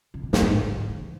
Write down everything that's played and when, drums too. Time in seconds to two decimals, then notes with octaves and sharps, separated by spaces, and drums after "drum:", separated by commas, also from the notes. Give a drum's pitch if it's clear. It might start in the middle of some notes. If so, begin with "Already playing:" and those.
0.14 C#3
0.23 B2
0.33 A2, drum: snare
0.42 G#2
0.64 C#3
0.77 D3
0.89 E3